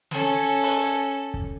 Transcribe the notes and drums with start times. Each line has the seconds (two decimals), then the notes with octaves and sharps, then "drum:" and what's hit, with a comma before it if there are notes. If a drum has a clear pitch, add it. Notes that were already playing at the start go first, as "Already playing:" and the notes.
0.11 C#4 A4, drum: snare
0.63 drum: open hi-hat
1.34 drum: kick